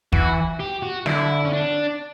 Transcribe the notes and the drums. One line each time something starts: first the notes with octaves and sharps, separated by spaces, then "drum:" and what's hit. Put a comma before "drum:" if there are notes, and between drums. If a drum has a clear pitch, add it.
E3 F#4, drum: kick
G4
F#4
D3 E4, drum: snare
C#4
D4